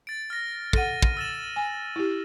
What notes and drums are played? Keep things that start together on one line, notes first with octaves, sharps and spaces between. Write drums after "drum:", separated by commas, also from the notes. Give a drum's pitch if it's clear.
A6 D7
F6 A#6
A4 F#5 F6 A6 D#7, drum: kick
drum: kick
E6 A6 E7
G#5
E4 G4